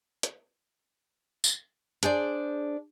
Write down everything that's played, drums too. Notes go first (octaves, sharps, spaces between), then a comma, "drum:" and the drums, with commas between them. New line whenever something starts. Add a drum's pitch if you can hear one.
drum: hi-hat
drum: tambourine
D4 G#4 C5 D5, drum: hi-hat